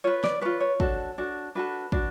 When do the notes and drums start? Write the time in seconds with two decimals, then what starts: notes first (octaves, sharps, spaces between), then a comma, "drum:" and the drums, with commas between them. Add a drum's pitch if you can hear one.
0.04 F4 B4 C#5
0.24 D5, drum: snare
0.41 F4 B4 C#5
0.60 C#5
0.80 D4 F#4 A4, drum: kick
1.18 D4 F#4 A4
1.55 D4 F#4 A4 B4
1.92 D4 F#4, drum: kick